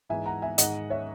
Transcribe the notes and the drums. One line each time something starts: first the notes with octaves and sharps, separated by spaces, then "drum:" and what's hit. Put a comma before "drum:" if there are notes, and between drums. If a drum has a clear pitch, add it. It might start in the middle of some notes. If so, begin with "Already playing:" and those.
G#2 E3 E5 G#5
F#5 A#5
E5 G#5
G#2 D#3 D#5 F#5, drum: hi-hat
C#5 E5